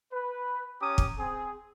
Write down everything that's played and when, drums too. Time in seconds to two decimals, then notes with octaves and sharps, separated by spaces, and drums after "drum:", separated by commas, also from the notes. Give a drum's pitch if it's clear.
0.13 B4
0.80 C#4 G4 A#5 D6 D#6
0.98 drum: kick
1.18 C4 G#4